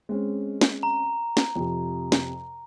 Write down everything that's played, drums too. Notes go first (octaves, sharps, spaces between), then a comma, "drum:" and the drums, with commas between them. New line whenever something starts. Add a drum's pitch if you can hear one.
G#3 C4 C#4
drum: snare
A#5
drum: snare
F2 C3
drum: snare